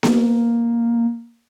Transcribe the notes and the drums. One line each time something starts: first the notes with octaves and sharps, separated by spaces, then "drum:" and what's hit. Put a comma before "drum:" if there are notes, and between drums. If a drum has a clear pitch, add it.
A#3, drum: snare B3